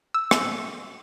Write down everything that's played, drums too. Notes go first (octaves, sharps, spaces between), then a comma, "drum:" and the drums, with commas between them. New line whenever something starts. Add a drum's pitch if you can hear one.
E6
drum: rim click